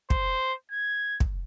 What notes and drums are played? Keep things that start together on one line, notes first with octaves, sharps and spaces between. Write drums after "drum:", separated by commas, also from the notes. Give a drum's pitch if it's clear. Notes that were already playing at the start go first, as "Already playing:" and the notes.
C5, drum: kick
G#6
drum: kick